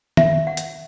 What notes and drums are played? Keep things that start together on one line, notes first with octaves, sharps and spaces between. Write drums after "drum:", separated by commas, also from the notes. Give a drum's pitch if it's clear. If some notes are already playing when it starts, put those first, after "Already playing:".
E5, drum: tom D#3
F#5
drum: hi-hat